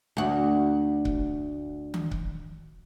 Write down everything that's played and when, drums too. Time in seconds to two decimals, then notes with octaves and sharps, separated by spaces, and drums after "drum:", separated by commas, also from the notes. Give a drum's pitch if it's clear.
0.17 D2 F#4
1.05 drum: kick C#1
1.94 drum: tom D#3
2.11 drum: kick C#1